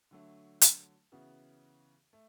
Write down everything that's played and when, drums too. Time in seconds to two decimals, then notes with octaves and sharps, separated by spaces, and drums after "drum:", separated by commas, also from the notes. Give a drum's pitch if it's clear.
0.11 D3 F#3 A3
0.61 drum: hi-hat
1.12 C#3 E3 B3 F#4
2.13 A3